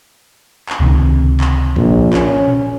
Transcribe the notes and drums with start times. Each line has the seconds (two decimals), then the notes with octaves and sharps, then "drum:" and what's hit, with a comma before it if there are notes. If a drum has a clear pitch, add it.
0.69 drum: clap
0.80 C#2 C3 D#3
1.41 drum: clap
1.76 A#1, drum: kick
2.13 C#4, drum: clap
2.48 drum: tom A#2